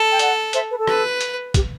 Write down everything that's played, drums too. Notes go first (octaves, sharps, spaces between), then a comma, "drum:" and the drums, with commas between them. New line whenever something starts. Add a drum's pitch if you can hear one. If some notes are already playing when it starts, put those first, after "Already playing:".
Already playing: A4
G5
D5 F#5, drum: hi-hat
C5 E5, drum: hi-hat
B4
A4
B4, drum: rim click
drum: hi-hat
G4, drum: kick, hi-hat